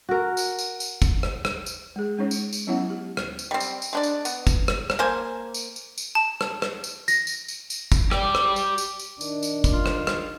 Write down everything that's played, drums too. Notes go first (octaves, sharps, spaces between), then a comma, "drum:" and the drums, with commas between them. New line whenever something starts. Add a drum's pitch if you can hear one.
F#4 A#4
drum: tambourine
drum: tambourine
drum: tambourine
drum: kick, tambourine
drum: rim click
drum: rim click
drum: tambourine
G#3 G#4
G#3 C#4 D#4 C#5
drum: tambourine
drum: tambourine
F#3 B3 C#4 E4 C#5 F#5
G4
drum: rim click
drum: tambourine
G3 C4
drum: tambourine
drum: tambourine
G#3 D4 D5
drum: tambourine
B3, drum: tambourine
drum: kick, tambourine
drum: rim click
drum: rim click
A#3 C5 G#5
drum: tambourine
drum: tambourine
drum: tambourine
A5
drum: rim click
drum: rim click
drum: tambourine
A#6, drum: tambourine
drum: tambourine
drum: tambourine
drum: tambourine
drum: kick, tambourine
G4 D5, drum: rim click
drum: rim click
drum: tambourine
drum: tambourine
drum: tambourine
D#3 D4, drum: tambourine
drum: tambourine
drum: kick, tambourine
F4
drum: rim click
drum: rim click